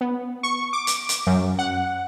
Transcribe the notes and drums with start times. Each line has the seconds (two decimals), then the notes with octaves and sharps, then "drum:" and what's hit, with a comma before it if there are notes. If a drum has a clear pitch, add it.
0.01 B3
0.43 C#6
0.73 D6
0.87 drum: hi-hat
1.09 drum: hi-hat
1.27 F#2
1.59 F#5